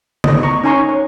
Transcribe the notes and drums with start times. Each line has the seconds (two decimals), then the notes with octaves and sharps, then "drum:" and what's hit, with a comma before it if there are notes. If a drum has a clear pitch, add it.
0.24 D#5, drum: tom C#3
0.43 A#5 C#6
0.64 C#4 D#4 G#5 A#5 C6 C#6
0.89 C#5